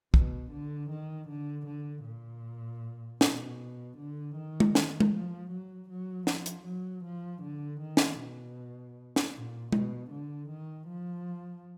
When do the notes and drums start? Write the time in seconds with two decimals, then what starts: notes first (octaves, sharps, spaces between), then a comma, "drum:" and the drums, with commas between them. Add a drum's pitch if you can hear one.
0.14 B2, drum: kick
0.52 D3
0.90 D#3
1.29 D3
1.67 D3
2.05 A#2
3.21 B2, drum: snare
3.97 D3
4.36 D#3
4.60 drum: tom G#3
4.75 drum: snare
5.00 drum: tom G#3
5.12 F3
5.51 F#3
5.89 F#3
6.27 F3, drum: snare
6.46 drum: hi-hat
6.65 F#3
7.04 F3
7.42 D3
7.80 D#3
7.97 drum: snare
8.19 B2
9.16 drum: snare
9.34 A#2
9.72 B2, drum: tom G#3
10.10 D3
10.49 D#3
10.88 F3